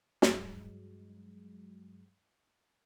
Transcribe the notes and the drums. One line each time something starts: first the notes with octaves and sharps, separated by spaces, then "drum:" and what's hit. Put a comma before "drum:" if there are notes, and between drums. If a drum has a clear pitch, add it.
G2 F#3 G#3, drum: snare